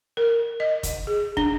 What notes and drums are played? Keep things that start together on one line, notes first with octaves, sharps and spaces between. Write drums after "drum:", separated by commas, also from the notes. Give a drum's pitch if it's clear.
A#4
D#5
drum: kick, hi-hat
G#4
D4, drum: kick